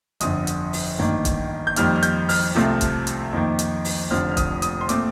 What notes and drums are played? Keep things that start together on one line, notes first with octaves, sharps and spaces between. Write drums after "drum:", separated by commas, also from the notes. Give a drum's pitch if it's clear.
G1 F2 D3 D#6, drum: hi-hat
drum: hi-hat
drum: open hi-hat
A1 G2 D#3 A#3
drum: kick, hi-hat
G6
F2 D#3 G3 A#3 F6, drum: hi-hat
F6
G6, drum: hi-hat
F6, drum: open hi-hat
C2 C3 F3 A3 C4
drum: kick, hi-hat
drum: hi-hat
F2 D#3 A#3
drum: hi-hat
drum: open hi-hat
F1 F2 D3 F3 C4 F6
F6
D#6, drum: kick, hi-hat
D#6, drum: hi-hat
C6
A#2 A3 C4 D6, drum: hi-hat